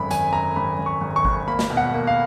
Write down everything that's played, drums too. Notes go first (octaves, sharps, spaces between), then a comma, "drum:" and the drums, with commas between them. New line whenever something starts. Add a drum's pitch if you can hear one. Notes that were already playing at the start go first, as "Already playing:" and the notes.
Already playing: G#1 F#2 B5
G#1 G#5, drum: hi-hat
F#2 A#5
G#1 B5
G#1
C#6
G#1
C#6
G#1, drum: kick G#1
A#3 B5
drum: snare
B2
F#5
A#3
F5